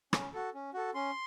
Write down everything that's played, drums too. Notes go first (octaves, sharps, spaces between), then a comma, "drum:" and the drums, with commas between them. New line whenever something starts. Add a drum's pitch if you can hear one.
C#4, drum: rim click
F#4 A4
C#4
F#4 A4
C#4 C6